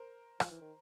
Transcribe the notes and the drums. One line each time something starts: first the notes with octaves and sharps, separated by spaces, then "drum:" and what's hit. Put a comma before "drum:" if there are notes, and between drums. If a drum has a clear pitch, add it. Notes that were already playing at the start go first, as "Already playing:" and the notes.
Already playing: A#4 C5
F3, drum: rim click
E3
D#3